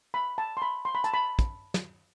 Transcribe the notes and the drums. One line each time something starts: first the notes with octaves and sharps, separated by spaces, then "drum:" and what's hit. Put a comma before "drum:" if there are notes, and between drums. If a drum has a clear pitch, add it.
B5
A5
C6
B5
C6
B5
A5, drum: hi-hat
B5
drum: kick, hi-hat
drum: snare